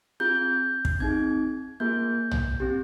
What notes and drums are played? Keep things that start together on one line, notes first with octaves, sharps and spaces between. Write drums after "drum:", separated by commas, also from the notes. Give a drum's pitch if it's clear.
C4 F4 G#4 G6
drum: kick
C4 D#4 G#4 G#6
A#3 F4 G#4 G6
drum: tom
C4 G4